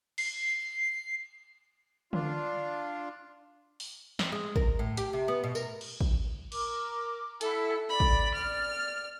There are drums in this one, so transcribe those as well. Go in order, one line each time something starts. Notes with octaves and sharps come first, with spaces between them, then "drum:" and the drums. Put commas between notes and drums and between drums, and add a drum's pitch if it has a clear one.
C7, drum: cymbal
D4 F4, drum: tom D3
drum: open hi-hat
C4, drum: snare
G#3
A#4, drum: kick
A2
G4, drum: hi-hat
C3
B3
B2
A#4, drum: tambourine
drum: cymbal
drum: kick
A#4 D6, drum: cymbal
E4 A4 E5 F#5, drum: hi-hat
D5 B5
drum: kick
F6